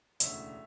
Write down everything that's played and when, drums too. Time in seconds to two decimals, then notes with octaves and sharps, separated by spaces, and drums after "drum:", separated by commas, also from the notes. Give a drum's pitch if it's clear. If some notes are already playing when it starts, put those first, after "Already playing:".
0.20 E1 D2 C#3 C#5 E5, drum: hi-hat